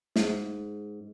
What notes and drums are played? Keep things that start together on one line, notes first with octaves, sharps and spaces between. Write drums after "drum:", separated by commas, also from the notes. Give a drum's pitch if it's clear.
G#2, drum: snare